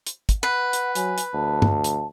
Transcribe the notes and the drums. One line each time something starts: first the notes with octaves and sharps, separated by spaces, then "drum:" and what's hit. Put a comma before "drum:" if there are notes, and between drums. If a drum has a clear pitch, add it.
drum: hi-hat
drum: kick, hi-hat
B4 F#5
drum: hi-hat
F#3 G#5, drum: hi-hat
drum: hi-hat
D2 A5
drum: tom
drum: hi-hat